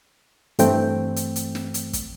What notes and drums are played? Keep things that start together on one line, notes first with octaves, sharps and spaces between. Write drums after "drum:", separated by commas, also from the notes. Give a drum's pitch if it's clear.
G2 E3 A3 C4 G5, drum: hi-hat
drum: hi-hat
drum: hi-hat
drum: snare
drum: hi-hat
drum: kick, hi-hat